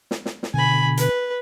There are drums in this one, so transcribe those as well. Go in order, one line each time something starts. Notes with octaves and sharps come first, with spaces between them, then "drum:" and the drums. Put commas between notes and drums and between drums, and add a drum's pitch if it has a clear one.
drum: snare
drum: snare
drum: snare
B2 D3 G#5 B5
B4, drum: hi-hat